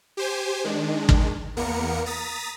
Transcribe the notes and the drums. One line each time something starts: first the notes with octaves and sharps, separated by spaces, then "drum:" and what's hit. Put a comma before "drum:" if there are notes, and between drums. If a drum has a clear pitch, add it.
G4 C5 G#5
D#3 G#3 D4
drum: kick
E2 A#3 B3 A#4 C#7
A#5 D#6 A6 B6